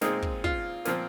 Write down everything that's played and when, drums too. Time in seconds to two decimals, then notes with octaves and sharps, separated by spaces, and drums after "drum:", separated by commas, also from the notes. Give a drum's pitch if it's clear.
0.01 A#2 G#3 C4 D#4, drum: snare
0.22 drum: kick
0.44 F4, drum: kick
0.85 A#2 F3 C4, drum: snare